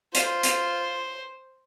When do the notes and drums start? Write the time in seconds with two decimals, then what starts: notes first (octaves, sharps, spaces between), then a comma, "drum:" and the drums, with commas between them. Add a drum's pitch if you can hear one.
0.14 F4 C5, drum: hi-hat
0.43 drum: hi-hat